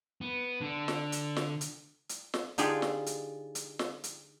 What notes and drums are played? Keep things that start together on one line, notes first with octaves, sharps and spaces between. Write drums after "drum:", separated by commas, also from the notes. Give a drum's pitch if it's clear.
B3
D3
drum: snare
drum: hi-hat
drum: snare
drum: hi-hat
drum: hi-hat
drum: snare
D3 D#4 F4 G4 G#4, drum: hi-hat
drum: snare
drum: hi-hat
drum: hi-hat
drum: snare
drum: hi-hat